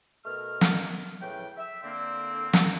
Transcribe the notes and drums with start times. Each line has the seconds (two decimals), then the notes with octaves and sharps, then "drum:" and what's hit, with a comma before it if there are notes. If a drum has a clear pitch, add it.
0.25 B2 A3 A#4 F6
0.61 drum: snare
1.21 A2 C#3 B4 G5
1.57 E5
1.83 D3 A#3 C4
2.53 drum: snare